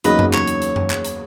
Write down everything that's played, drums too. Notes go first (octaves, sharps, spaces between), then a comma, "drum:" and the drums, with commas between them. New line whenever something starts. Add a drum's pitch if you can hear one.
E2 C#3 F#3 A#3 D#4 B4 D#5, drum: hi-hat
drum: tom F#2
C#5, drum: clap
drum: hi-hat
drum: hi-hat
drum: tom F#2
drum: clap
drum: hi-hat